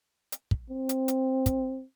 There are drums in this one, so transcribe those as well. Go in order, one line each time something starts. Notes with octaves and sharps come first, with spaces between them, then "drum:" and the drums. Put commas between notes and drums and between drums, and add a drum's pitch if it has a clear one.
drum: hi-hat
drum: kick
C4
drum: hi-hat
drum: hi-hat
drum: kick, hi-hat